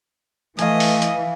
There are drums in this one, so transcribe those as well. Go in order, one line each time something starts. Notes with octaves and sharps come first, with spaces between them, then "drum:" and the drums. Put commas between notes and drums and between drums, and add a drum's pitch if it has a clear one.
E3 A3 D#5 F5 G#5, drum: hi-hat
drum: open hi-hat
drum: hi-hat